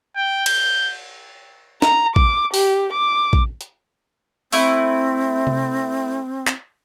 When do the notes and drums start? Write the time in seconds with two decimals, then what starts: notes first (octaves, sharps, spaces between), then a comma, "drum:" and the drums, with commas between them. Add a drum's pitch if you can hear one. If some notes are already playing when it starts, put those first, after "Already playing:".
0.16 G5
0.46 G6, drum: cymbal
1.82 A#5, drum: snare
2.16 D6, drum: kick
2.54 G4, drum: open hi-hat
2.93 D6
3.33 drum: kick
3.61 drum: hi-hat
4.52 A3 C4 E4, drum: open hi-hat
5.47 drum: tom C3
6.47 drum: clap